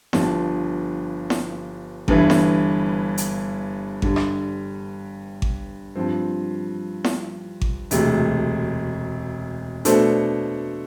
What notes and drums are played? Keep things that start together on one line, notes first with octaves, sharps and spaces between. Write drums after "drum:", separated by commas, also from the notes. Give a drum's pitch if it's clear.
G1 G2 F3, drum: snare E4
drum: snare E4
G1 G2 E3, drum: kick G#1
drum: snare E4
drum: hi-hat
G2 D3 G3, drum: kick G#1
drum: rim click
drum: kick G#1
G2 F3 C4
drum: snare E4
drum: kick G#1
E1 D2 C3, drum: hi-hat
B2 A3 D4 A4 C5, drum: hi-hat